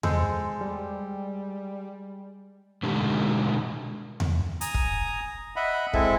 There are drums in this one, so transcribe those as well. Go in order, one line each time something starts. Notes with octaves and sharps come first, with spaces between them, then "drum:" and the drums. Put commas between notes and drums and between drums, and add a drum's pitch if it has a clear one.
G#3 A4 C5, drum: tom E2
G3
B2 D3 D#3 G3 G#3 G4
drum: tom E2
G#5 A#5 D#6, drum: hi-hat
drum: kick
D#5 E5 F#5 B5
G#3 C4 E4 A4 E5, drum: kick